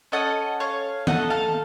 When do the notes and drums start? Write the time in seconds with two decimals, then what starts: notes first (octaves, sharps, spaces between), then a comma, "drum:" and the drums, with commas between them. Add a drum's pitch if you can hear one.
0.12 C#4 A4 D#5 F#5
0.60 C#5 F5
1.07 A3 D#4 A4 D#5 F#5, drum: tom D#3
1.30 F5 A5